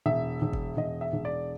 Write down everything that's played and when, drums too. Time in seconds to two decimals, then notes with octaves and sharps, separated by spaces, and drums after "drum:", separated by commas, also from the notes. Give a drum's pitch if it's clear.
0.06 E1 E5
0.42 E1
0.53 drum: kick F#1
0.77 E1 D#5
1.01 E5
1.13 E1
1.25 D5